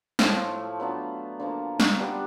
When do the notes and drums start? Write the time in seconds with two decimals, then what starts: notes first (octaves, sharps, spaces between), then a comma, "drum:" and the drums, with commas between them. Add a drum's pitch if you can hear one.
0.19 A2 F3 A3, drum: snare
0.80 F#3 B3 D4 F4
1.40 D3 F3 A#3
1.80 drum: snare
2.00 G3 B3 D4